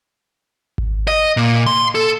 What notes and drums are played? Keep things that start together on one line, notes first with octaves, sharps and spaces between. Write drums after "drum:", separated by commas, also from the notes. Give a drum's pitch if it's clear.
drum: kick G#1
D#5
A#2
C6
A4